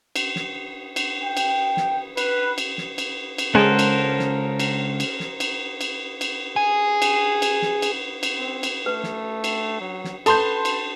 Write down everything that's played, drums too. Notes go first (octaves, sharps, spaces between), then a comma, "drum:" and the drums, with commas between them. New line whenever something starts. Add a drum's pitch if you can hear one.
drum: cymbal
drum: snare
drum: cymbal
G5
drum: cymbal
drum: snare
B4, drum: cymbal
drum: cymbal
drum: snare
drum: cymbal
drum: cymbal
C#2 G#3 C#4 A4 A#4 C5 F#5
drum: cymbal
drum: snare
drum: cymbal
drum: cymbal
drum: snare
drum: cymbal
drum: cymbal
drum: cymbal
G#4
drum: cymbal
drum: cymbal
drum: snare
drum: cymbal
drum: cymbal
C4
drum: cymbal
A3 B4
drum: snare
drum: cymbal
F#3
drum: snare
A4 B4 A5 C6 G6, drum: cymbal
drum: cymbal